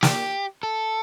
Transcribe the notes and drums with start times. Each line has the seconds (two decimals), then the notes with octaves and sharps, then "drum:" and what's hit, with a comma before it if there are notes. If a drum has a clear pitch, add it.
0.03 G4, drum: snare
0.63 A4